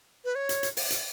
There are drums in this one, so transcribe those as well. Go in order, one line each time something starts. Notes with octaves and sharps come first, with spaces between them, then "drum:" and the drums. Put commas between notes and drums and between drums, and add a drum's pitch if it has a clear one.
B4
C#5
drum: hi-hat
drum: hi-hat
drum: open hi-hat
drum: hi-hat